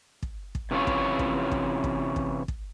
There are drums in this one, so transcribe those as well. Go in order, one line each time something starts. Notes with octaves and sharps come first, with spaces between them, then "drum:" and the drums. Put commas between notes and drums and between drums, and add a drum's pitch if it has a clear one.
drum: kick
drum: kick
C3 E3 C#4 F4 C#5
drum: kick
drum: kick
drum: kick
drum: kick
drum: kick
drum: kick